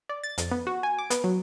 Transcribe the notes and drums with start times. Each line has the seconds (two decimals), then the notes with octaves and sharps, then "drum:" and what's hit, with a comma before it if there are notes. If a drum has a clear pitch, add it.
0.09 D5
0.24 A6
0.38 F2, drum: hi-hat
0.51 B3
0.67 F#4
0.83 G#5
0.99 D6
1.10 B3, drum: hi-hat
1.24 F#3